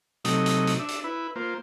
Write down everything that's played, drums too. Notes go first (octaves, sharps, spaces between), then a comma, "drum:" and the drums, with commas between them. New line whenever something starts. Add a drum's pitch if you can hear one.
C3 F#3 A3 D#4 D#5, drum: hi-hat
drum: hi-hat
drum: hi-hat
D4 E5
drum: hi-hat
E4 B4
A#3 F4 C5